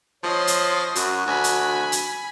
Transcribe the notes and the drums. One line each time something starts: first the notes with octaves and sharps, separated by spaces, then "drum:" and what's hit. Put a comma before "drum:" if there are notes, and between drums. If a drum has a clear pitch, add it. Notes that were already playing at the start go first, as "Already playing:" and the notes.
F3 C#5 D#5 C6
drum: hi-hat
F#2 F#4, drum: hi-hat
D2 G#5 B5
drum: hi-hat
drum: hi-hat